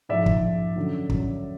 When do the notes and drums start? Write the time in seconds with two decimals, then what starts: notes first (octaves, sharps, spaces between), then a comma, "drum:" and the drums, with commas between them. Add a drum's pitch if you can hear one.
0.09 G#2 F3 D5 E5
0.26 drum: kick
0.42 G#2 F3
0.76 F#2 D3 F#3
1.10 F#2 D3 F#3, drum: kick